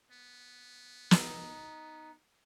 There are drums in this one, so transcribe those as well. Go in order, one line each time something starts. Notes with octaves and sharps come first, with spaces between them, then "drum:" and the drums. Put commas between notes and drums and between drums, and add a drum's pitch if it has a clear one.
B3
D#4, drum: snare